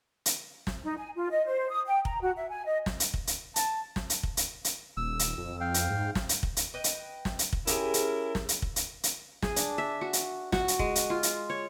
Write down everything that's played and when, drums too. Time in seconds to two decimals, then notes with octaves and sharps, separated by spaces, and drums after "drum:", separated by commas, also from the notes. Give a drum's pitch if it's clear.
0.26 drum: hi-hat
0.67 drum: snare
0.84 D#4
0.97 G#5
1.16 F4
1.31 D#5
1.46 C5
1.70 D#6
1.86 G5
2.05 A#5, drum: kick
2.21 F#4
2.36 E5
2.50 G#5
2.66 D#5
2.86 drum: snare
3.00 drum: hi-hat
3.14 drum: kick
3.27 drum: hi-hat
3.56 A5, drum: hi-hat
3.96 drum: snare
4.10 drum: hi-hat
4.23 drum: kick
4.37 drum: hi-hat
4.65 drum: hi-hat
4.97 D#1 E6
5.19 drum: hi-hat
5.38 F2
5.61 F2 F5 G5
5.74 drum: hi-hat
5.90 G#2
6.15 drum: snare
6.29 drum: hi-hat
6.43 drum: kick
6.57 drum: hi-hat
6.74 B4 D#5 G5
6.84 drum: hi-hat
7.25 drum: snare
7.39 drum: hi-hat
7.53 drum: kick
7.67 C#4 E4 G4 G#4 A#4, drum: hi-hat
7.94 drum: hi-hat
8.35 drum: snare
8.49 drum: hi-hat
8.62 drum: kick
8.76 drum: hi-hat
9.03 drum: hi-hat
9.42 G#4, drum: snare
9.56 D4, drum: hi-hat
9.78 E5
10.01 F#4
10.13 drum: hi-hat
10.52 F#4, drum: snare
10.68 drum: hi-hat
10.79 G#3, drum: kick
10.95 drum: hi-hat
11.10 F4
11.23 drum: hi-hat
11.50 C#5